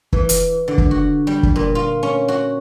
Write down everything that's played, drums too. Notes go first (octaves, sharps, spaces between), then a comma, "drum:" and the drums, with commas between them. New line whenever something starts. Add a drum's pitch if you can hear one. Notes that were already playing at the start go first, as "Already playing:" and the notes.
E3, drum: kick
drum: hi-hat
D3
drum: kick
F#4
G3
drum: kick
A#2
F4
C#4
F#4